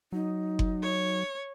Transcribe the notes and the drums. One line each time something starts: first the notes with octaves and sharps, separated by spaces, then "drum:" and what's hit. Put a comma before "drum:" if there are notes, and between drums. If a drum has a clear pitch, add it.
F#3 D#4
drum: kick F#1
C#5